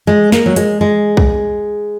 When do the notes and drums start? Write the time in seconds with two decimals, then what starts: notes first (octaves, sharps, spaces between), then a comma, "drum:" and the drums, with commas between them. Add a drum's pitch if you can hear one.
0.07 G#3
0.32 A#3, drum: snare
0.46 F#3
0.56 G#3, drum: hi-hat
0.81 G#3
1.17 drum: kick